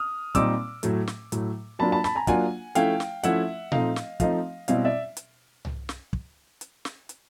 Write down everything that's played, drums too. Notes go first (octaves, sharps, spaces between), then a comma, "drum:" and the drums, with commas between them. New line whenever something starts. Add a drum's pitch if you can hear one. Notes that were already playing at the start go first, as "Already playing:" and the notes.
Already playing: D#6 F6
A#2 G3 C4 D#4 D6 E6, drum: kick, hi-hat
A2 F#3 A3, drum: hi-hat
drum: snare
A2 F#3 A3, drum: hi-hat
F#3 A#3 D4 F4 A5 B5
A5 B5
A5 B5, drum: snare
G#5 A#5
F#3 A#3 D4 F4 F#5 G#5, drum: kick, hi-hat
F3 A3 C#4 E4 F5 G5, drum: hi-hat
drum: snare
F3 A3 C#4 E4 E5 F#5, drum: hi-hat
F3 A3 C4 D#4 D#5 F5, drum: tom A#2
drum: snare
F3 A3 C4 D#4 D#5 F5, drum: kick, hi-hat
B2 G3 C4 E4 D#5 F5, drum: hi-hat
D5 E5
drum: hi-hat
drum: tom C2
drum: snare
drum: kick
drum: hi-hat
drum: snare
drum: hi-hat